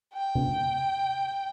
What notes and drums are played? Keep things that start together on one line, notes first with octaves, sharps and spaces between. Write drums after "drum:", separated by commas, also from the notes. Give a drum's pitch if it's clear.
G5
drum: tom C3